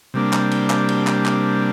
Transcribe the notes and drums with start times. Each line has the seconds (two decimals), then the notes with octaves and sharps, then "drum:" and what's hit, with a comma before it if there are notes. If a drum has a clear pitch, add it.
0.14 C3 G3 A#3 D4
0.33 drum: clap
0.51 drum: cymbal
0.70 drum: clap
0.89 drum: cymbal
1.07 drum: clap
1.26 drum: clap